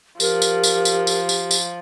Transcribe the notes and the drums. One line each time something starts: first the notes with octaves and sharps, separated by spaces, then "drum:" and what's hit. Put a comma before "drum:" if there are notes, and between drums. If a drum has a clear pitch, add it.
F3 G4 A#4, drum: tambourine
drum: tambourine
drum: tambourine
drum: tambourine
drum: tambourine
drum: tambourine
drum: tambourine